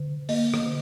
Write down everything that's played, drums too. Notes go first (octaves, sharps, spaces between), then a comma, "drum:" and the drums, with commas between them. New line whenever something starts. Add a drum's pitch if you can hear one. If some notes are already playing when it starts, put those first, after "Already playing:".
Already playing: D3
A#3 D#5, drum: open hi-hat
drum: rim click
D3